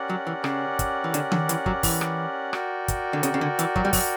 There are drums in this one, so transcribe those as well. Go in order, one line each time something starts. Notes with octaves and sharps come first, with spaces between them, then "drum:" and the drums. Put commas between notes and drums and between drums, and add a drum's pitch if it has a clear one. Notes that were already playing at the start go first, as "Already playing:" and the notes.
Already playing: C#4 G4 A#4 D5 F#5
F#3
E3
C#3, drum: rim click
drum: kick, hi-hat
E3
D3, drum: hi-hat
D3, drum: tom D#3
E3, drum: hi-hat
F#3, drum: kick
E3, drum: kick, open hi-hat
drum: rim click
F#4 A#4 D5 G5, drum: rim click
drum: kick, hi-hat
D3
C#3, drum: hi-hat
C#3
D3
E3, drum: hi-hat
F#3, drum: kick
G3
F#3, drum: kick, open hi-hat